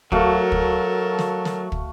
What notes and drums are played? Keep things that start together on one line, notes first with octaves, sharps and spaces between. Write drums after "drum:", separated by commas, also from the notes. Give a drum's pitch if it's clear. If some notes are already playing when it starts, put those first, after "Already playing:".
F#3 A3 F#4 A4 A#4 F5, drum: kick
drum: kick
drum: snare
drum: snare
drum: kick